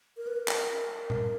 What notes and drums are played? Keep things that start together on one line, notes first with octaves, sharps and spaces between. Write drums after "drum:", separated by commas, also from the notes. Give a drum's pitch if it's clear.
A#4
B4
A#4
drum: clap
drum: tom A#2